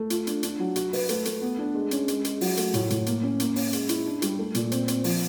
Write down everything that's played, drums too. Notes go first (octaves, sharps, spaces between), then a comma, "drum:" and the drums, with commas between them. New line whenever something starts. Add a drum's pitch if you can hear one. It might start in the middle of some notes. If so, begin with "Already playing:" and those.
Already playing: A3
F4, drum: hi-hat
D4, drum: hi-hat
D4, drum: hi-hat
F#3
F#4, drum: hi-hat
B4, drum: open hi-hat
A3, drum: hi-hat
A3, drum: hi-hat
B3
D4
G#3
C#4, drum: hi-hat
G#3, drum: hi-hat
G#3, drum: hi-hat
F#3, drum: open hi-hat
A3, drum: hi-hat
A2, drum: hi-hat
A2, drum: hi-hat
A#3, drum: hi-hat
C#4
A#3, drum: hi-hat
C#4, drum: open hi-hat
G#3, drum: hi-hat
E4, drum: hi-hat
D4
G3, drum: hi-hat
A3
A#2, drum: hi-hat
C4, drum: hi-hat
C4, drum: hi-hat
F3, drum: open hi-hat